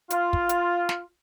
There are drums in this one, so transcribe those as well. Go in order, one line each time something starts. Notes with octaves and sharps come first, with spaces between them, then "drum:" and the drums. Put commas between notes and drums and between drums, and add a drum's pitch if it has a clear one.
F4, drum: hi-hat
drum: kick
drum: hi-hat
drum: snare